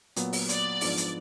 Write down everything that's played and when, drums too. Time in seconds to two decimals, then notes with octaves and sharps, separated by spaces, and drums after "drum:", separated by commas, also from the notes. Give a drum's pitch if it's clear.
0.16 A#2 F#3 B3, drum: hi-hat
0.33 drum: open hi-hat
0.49 D5, drum: hi-hat
0.81 G#2 F3 B3 D4 F4, drum: open hi-hat
0.97 drum: hi-hat